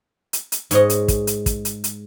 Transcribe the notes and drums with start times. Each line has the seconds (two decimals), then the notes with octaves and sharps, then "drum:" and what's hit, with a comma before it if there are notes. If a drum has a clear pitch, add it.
0.33 drum: hi-hat
0.52 drum: hi-hat
0.71 G#2 C#5 D#5, drum: hi-hat
0.90 drum: hi-hat
1.08 drum: kick, hi-hat
1.27 drum: hi-hat
1.46 drum: kick, hi-hat
1.65 drum: hi-hat
1.84 drum: hi-hat